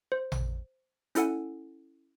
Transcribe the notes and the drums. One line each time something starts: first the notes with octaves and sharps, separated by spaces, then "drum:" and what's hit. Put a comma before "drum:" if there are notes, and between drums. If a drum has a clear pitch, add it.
C5
drum: tom A1
C#4 E4 A4 F#5 G#5, drum: hi-hat